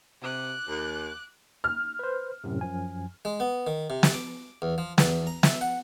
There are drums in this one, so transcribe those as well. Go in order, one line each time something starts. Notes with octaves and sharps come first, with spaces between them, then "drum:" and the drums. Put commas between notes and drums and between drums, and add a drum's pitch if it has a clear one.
C3 D6 F#6
D#2
F6
B4 C5
F#2 A2 C3
F#2 F3 G#5
G#3
B3
D#3
C3
drum: snare
D6
E2
F3
E2, drum: snare
A#5
E5, drum: snare
F#5